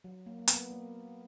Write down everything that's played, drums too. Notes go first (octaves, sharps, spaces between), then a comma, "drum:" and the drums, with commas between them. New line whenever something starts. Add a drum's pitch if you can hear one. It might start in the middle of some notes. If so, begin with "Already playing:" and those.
F#3
A#3
A#3
B3, drum: hi-hat
A#3